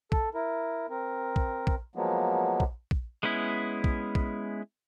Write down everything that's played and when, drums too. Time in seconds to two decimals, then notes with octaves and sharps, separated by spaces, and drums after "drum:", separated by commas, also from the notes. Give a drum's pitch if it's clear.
0.12 A4, drum: kick
0.35 E4 A#4
0.90 C4 A#4
1.36 drum: kick
1.67 drum: kick
1.95 F3 F#3 G#3 A#3 B3
2.60 drum: kick
2.91 drum: kick
3.23 G#3 B3 C#4 E4
3.84 drum: kick
4.15 drum: kick